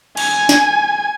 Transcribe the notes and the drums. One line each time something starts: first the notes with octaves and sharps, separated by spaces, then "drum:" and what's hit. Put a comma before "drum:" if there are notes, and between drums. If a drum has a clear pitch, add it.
G#5, drum: cymbal
drum: snare